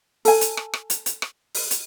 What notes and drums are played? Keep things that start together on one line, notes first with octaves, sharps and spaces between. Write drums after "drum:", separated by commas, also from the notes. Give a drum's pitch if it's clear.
A4 G#5, drum: open hi-hat
drum: hi-hat
drum: rim click
drum: rim click
drum: hi-hat
drum: hi-hat
drum: rim click
drum: open hi-hat
drum: hi-hat